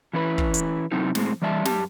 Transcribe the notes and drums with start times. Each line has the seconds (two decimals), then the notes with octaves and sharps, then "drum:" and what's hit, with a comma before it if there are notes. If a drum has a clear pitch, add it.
0.13 E3 C#4 E4 B4
0.38 drum: kick
0.54 drum: hi-hat
0.91 C3 F#3 C4 D#4 E4
1.15 A2 G#3 C4, drum: snare
1.42 E3 G3 D5 E5 G5 A5
1.65 F#2 G4 A5, drum: snare